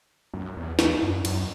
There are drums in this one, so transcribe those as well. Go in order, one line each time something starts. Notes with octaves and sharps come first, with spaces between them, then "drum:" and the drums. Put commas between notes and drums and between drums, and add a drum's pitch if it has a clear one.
F#2
E2
E2, drum: snare
F#2
F#2, drum: cymbal